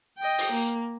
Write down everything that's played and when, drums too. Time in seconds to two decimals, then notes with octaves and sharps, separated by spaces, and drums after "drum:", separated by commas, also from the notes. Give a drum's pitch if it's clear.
0.18 D#5 G5
0.38 drum: open hi-hat
0.52 A#3